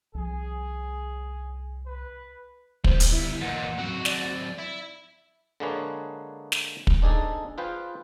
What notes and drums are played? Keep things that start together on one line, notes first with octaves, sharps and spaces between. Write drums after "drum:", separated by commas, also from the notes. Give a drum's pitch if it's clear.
C2 F3 G#4
B4
G3 B3 C5, drum: kick
drum: hi-hat
E4
E2 A#2 D#4 F#5
F#3 C4 F#4
D5, drum: snare
E4
D3 G#3 A#3 G#4 B4 C#5
drum: snare
drum: kick
C4 D4 D#4 G#4 A4 D5
F4 G#4 B4 C5 F5 G5